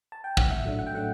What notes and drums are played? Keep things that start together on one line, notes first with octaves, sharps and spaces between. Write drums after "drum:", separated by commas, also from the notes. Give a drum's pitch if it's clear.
A5
G5
F#5, drum: kick
A2 E5
F#3 A3 D4
A2 F#5
G5
F#3 A3 D4 F#5